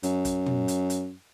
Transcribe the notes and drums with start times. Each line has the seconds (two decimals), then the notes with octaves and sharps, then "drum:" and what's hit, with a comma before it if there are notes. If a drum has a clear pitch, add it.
0.03 F#2, drum: hi-hat
0.25 drum: kick, hi-hat
0.46 drum: tom
0.68 drum: hi-hat
0.90 drum: hi-hat